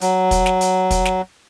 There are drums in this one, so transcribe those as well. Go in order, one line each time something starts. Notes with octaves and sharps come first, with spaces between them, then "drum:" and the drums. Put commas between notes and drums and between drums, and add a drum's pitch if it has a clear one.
F#3, drum: hi-hat
drum: kick, hi-hat
drum: snare
drum: hi-hat
drum: kick, hi-hat
drum: snare